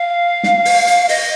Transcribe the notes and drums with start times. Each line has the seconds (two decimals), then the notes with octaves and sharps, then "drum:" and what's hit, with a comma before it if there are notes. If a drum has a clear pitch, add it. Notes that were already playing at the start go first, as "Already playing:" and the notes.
Already playing: F5
0.43 drum: snare
0.65 drum: open hi-hat
0.87 drum: hi-hat
1.09 D#5, drum: open hi-hat